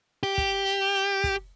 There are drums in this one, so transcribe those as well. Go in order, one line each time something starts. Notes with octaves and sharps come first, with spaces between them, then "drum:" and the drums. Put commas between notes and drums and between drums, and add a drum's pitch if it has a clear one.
G4
drum: kick, hi-hat
drum: hi-hat
drum: hi-hat
drum: kick, hi-hat